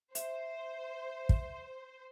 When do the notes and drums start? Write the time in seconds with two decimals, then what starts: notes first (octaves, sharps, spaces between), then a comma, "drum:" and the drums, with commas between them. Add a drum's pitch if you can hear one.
0.15 C5 E5, drum: hi-hat
1.29 drum: kick